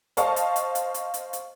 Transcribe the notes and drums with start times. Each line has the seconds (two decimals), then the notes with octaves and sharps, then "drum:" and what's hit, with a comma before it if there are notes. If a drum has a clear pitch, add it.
0.17 C5 D#5 F5 A5 C#6, drum: hi-hat
0.36 drum: hi-hat
0.56 drum: hi-hat
0.75 drum: hi-hat
0.94 drum: hi-hat
1.14 drum: hi-hat
1.33 drum: hi-hat